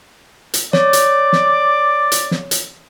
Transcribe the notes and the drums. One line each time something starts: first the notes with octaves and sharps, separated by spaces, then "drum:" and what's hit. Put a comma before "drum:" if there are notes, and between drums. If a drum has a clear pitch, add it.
drum: hi-hat
C#5 D5, drum: snare
drum: hi-hat
drum: snare
drum: hi-hat
drum: snare
drum: hi-hat